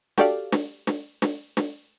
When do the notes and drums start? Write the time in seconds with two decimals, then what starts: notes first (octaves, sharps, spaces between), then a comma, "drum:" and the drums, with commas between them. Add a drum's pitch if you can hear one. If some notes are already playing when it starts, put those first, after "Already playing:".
0.18 F#4 G4 A4 D5 F5, drum: snare
0.52 drum: snare
0.87 drum: snare
1.22 drum: snare
1.57 drum: snare